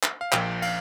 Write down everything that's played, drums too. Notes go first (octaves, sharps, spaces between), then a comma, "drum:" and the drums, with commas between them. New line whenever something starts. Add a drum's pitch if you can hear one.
drum: clap
F5
A#1 A#2 F3 G5, drum: clap
F5, drum: cymbal